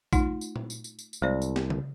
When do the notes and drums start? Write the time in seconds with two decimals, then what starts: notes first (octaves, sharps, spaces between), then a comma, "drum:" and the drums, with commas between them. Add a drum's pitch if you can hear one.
0.13 A3 D#4 F4, drum: kick, tambourine
0.41 drum: tambourine
0.56 drum: tom A#2
0.70 drum: tambourine
0.84 drum: tambourine
0.99 drum: tambourine
1.13 drum: tambourine
1.22 C2 G#3 C5 D5
1.42 drum: tambourine
1.56 drum: snare
1.70 drum: tom C#3